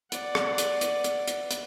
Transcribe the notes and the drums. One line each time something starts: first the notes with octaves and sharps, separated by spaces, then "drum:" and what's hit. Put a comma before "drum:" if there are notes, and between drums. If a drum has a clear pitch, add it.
D5 F#5, drum: hi-hat
drum: rim click
drum: hi-hat
drum: hi-hat
drum: hi-hat
drum: hi-hat
drum: hi-hat